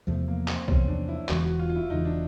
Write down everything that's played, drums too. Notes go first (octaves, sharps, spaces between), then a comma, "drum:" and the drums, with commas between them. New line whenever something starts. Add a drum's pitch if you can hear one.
E2 C3 F3 A3
A#3
C4, drum: clap
E2 C3 F3 C#4, drum: kick B1
D4
E4
E1 E2 C#3 E3 F#4, drum: clap
F#4
F4
F4
E4
E1 E2 C#3 E3 D#4
D4